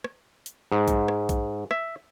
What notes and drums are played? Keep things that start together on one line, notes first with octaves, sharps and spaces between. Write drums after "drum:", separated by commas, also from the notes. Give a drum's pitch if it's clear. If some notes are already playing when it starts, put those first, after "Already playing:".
drum: rim click
drum: hi-hat
G#2
drum: kick A#1, hi-hat
drum: rim click
drum: kick A#1, hi-hat
E5, drum: rim click